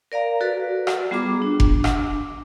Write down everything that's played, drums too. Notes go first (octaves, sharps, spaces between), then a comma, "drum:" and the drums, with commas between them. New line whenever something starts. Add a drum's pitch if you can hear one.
A#4 D5 F5 A#5
F#4 A4 B4 D5
drum: rim click
G3 B3 F4 G#4 A#5 D6
D4
drum: kick F1
drum: rim click